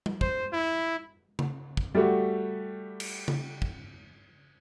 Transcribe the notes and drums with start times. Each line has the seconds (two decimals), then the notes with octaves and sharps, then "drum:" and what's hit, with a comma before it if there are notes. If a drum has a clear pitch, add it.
0.06 drum: tom G3
0.21 C5, drum: kick
0.52 E4
1.39 drum: tom C#3
1.77 drum: kick
1.95 G3 A3 F#4
3.00 drum: cymbal
3.28 drum: tom C#3
3.62 drum: kick